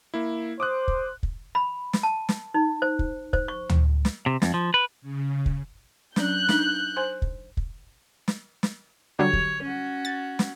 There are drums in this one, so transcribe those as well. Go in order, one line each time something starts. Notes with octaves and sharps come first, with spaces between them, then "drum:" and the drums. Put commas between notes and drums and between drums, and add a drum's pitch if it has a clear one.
A#3 E4
C5 D6 D#6 F#6
drum: kick
drum: kick
B5
drum: snare
A5
drum: snare
D#4
C5
drum: kick
C5, drum: kick
C#6
drum: tom D2
drum: snare
C3
F2, drum: snare
F3
B4
C#3
drum: kick
F#3 C#4 D4 F#6 G6, drum: snare
D4 D#4, drum: snare
C5 G#5 C6
drum: kick
drum: kick
drum: snare
drum: snare
D3 F#3 G3 C#5
drum: kick
C#4 F#4
A6
drum: snare